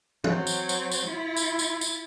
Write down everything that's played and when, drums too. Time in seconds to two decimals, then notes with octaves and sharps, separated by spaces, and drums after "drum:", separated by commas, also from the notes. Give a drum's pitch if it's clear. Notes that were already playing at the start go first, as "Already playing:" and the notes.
0.24 F#3 C4, drum: tom E3
0.47 drum: tambourine
0.69 drum: tambourine
0.92 drum: tambourine
1.07 E4 F4
1.36 drum: tambourine
1.59 drum: tambourine
1.81 drum: tambourine